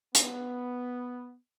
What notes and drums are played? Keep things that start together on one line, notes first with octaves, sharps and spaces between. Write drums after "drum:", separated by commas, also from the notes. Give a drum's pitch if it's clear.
B3, drum: hi-hat